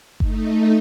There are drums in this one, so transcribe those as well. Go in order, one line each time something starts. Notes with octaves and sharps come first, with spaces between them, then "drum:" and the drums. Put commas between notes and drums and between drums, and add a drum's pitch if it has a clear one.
A3 D#4, drum: kick G1